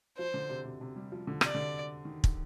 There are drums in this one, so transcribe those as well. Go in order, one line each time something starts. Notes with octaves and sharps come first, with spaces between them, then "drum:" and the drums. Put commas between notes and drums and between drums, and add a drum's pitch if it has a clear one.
F3 C5
D3
C3
C3
C3
G3
F3
D3
C3 D5, drum: rim click
D3
D#3
drum: kick